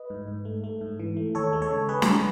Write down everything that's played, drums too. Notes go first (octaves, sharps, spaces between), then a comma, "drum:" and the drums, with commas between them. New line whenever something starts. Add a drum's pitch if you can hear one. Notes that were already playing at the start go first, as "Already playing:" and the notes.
Already playing: B4 D#5
G#2
G#2
A3
A3
G#2
E3
A3
D#2 A4 C#5
G#3
A4 C#5
C#3
G#3 G#4 B4
drum: snare